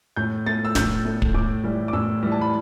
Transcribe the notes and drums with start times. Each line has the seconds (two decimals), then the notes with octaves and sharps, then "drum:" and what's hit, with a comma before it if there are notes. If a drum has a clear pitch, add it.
0.16 A2 G6
0.46 A3 A6
0.65 E6
0.75 A2 G6, drum: snare
1.05 A3
1.22 drum: kick
1.34 A2 D6
1.64 E3 G3
1.88 D6
1.93 A2 E6
2.23 E3 G3
2.32 A5
2.41 B5